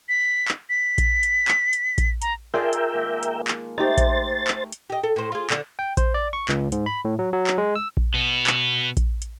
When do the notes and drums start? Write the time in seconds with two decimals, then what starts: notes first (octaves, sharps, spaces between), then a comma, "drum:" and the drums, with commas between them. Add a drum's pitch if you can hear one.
0.09 B6
0.48 drum: clap
0.70 B6
0.98 drum: kick A#1, hi-hat
1.23 drum: hi-hat
1.48 drum: clap
1.73 drum: hi-hat
1.98 drum: kick A#1, hi-hat
2.22 A#5, drum: hi-hat
2.54 F4 G#4 A#4 D5 E5 G5 A5
2.73 drum: hi-hat
2.93 D#3 G#3 A#3
3.23 drum: hi-hat
3.48 drum: clap
3.78 A3 D#4 G4 C5 A6
3.98 drum: kick A#1, hi-hat
4.47 drum: clap
4.72 drum: hi-hat
4.90 G4 D#5
5.03 A4
5.16 A2 C5
5.32 F4 G#4
5.50 D3, drum: clap
5.79 G5
5.97 C5, drum: kick A#1, hi-hat
6.14 D5
6.33 C#6
6.49 C#2, drum: clap
6.72 G#2, drum: hi-hat
6.86 B5
7.05 A2
7.19 F#3
7.33 F#3
7.47 drum: clap
7.58 G#3
7.75 E6
7.97 drum: kick A#1
8.14 B2 B3
8.47 drum: clap
8.97 drum: kick A#1, hi-hat
9.22 drum: hi-hat